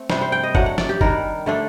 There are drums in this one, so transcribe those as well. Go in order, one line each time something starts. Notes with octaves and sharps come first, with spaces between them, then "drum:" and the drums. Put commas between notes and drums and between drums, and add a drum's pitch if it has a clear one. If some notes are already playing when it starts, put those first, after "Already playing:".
Already playing: A3 C4
C3 G3 D4 C5, drum: snare
C5
G5
D#5
F#3 A3 D4 F#5, drum: kick F#1
F#5
D5, drum: snare
G4
D#3 G3 D4 A#4, drum: kick F#1
D3 A3 D4